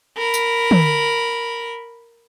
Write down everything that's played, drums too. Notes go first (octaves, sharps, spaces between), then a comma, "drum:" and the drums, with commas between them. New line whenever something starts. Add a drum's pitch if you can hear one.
A#4 B5
drum: tambourine
drum: tom